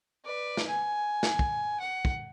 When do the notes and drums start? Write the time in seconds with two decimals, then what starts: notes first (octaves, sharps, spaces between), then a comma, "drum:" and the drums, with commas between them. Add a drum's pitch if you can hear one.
0.25 B4 D5
0.57 drum: snare
0.67 G#5
1.23 drum: snare
1.39 drum: kick
1.80 F#5
2.05 drum: kick